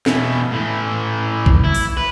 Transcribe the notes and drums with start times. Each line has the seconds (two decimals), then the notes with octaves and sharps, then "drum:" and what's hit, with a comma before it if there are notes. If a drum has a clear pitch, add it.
0.06 B2 E3, drum: snare
0.52 A2 E3
1.46 drum: kick B1
1.64 E4
1.75 drum: open hi-hat
1.97 B4